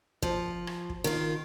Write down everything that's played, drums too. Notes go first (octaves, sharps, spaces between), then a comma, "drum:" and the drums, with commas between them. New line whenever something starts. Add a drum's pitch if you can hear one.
F3, drum: kick
drum: rim click
drum: kick
D#3 F4